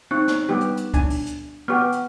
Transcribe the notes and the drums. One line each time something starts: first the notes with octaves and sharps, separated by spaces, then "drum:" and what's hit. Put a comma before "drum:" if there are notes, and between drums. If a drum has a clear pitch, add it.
C4 D#4 C#6 F#6
drum: snare
G3 B3 G4
drum: hi-hat
drum: hi-hat
D4 G#5, drum: kick C#2, hi-hat
drum: open hi-hat
drum: hi-hat
B3 G4 F#5 C#6 F6
drum: hi-hat